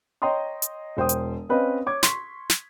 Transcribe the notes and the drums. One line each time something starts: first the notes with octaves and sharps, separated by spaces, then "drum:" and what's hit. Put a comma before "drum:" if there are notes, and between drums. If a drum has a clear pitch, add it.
C#5 D#5 G5 A#5 C6 D#6
drum: hi-hat
E1 C5 G5 D#6
drum: hi-hat
C4 C#4 B4 C5 D#5 F5
C#5 D6 G#6
C6 C#6 B6, drum: snare
drum: snare